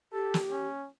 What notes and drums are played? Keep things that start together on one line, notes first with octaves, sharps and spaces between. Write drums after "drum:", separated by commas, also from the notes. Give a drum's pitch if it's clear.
G4 A4
drum: snare
C#4